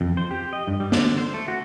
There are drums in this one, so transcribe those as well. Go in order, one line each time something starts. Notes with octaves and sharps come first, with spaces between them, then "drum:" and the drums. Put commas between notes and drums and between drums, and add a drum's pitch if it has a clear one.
F2
C5
G4
D#5
G2
G3
D3, drum: snare
C5
A3
F#4